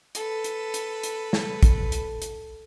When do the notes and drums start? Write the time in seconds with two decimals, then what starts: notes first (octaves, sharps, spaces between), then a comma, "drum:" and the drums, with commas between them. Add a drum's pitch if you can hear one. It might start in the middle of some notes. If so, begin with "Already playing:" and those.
0.15 A4 B4, drum: hi-hat
0.44 drum: hi-hat
0.74 drum: hi-hat
1.03 drum: hi-hat
1.33 drum: snare
1.63 drum: kick, hi-hat
1.92 drum: hi-hat
2.22 drum: hi-hat